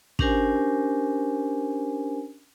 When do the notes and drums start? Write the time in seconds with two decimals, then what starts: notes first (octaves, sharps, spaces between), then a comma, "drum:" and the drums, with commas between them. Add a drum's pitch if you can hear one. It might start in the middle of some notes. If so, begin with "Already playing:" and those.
0.19 C#4 D4 G4 A#4 C5 G#5, drum: kick